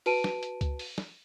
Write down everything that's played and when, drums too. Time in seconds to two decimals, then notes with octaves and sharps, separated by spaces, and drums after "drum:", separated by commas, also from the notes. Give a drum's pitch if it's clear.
0.06 F#4 B4 A5 D7 D#7, drum: open hi-hat
0.24 drum: snare
0.43 drum: hi-hat
0.61 drum: kick C#2, hi-hat
0.79 drum: open hi-hat
0.98 drum: snare